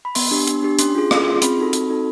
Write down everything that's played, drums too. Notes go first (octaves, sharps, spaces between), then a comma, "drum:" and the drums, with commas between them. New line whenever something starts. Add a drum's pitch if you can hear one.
B5
B3 C6, drum: open hi-hat
D4 G4
B3, drum: hi-hat
D4 G4
C#4 C6, drum: hi-hat
F4 G#4
C#4, drum: rim click
F4 G#4 C6
C4 B5, drum: hi-hat
D#4 F#4 A4
C4, drum: hi-hat
D#4 F#4 A4